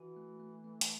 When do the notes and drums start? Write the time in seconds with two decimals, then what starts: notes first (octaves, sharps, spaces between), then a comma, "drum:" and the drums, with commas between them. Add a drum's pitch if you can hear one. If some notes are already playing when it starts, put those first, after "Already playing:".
Already playing: E3 F#4
0.17 A3
0.40 A3
0.64 A3
0.81 drum: hi-hat